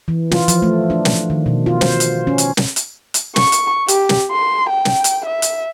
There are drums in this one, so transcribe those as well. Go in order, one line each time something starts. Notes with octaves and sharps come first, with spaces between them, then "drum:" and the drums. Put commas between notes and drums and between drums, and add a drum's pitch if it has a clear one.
E3
F4, drum: snare
F3, drum: hi-hat
A3
D4
drum: snare
D#3
B2
F4
C5, drum: snare
drum: hi-hat
C#4
drum: hi-hat
drum: snare
drum: hi-hat
drum: hi-hat
C#6, drum: snare
drum: hi-hat
G4, drum: hi-hat
drum: snare
C6
G5
drum: snare
drum: hi-hat
E5
drum: hi-hat